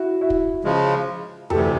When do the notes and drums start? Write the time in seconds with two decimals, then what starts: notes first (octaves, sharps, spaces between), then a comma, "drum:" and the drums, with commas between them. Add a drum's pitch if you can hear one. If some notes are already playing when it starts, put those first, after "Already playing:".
Already playing: E4 F#4
0.21 E4 F#4
0.30 drum: kick
0.64 C#3 F3 G#3
1.50 D2 C3 E3 G4 A4, drum: tom F2